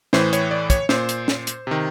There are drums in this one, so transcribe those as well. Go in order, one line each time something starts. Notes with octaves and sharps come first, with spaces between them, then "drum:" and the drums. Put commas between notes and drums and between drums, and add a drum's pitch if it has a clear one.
A2 E3 C5, drum: snare
C#5, drum: hi-hat
D5
C#5, drum: kick, hi-hat
A#2 C5, drum: snare
drum: hi-hat
drum: snare
drum: hi-hat
C3 D#3